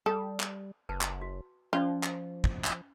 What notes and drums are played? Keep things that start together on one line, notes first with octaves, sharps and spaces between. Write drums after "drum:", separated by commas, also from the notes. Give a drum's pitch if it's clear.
G3 A4 D#6
drum: clap
F#1 B4 A5
drum: clap
F#4
F3 C#4 F4 C5 D5
drum: clap
drum: kick
drum: clap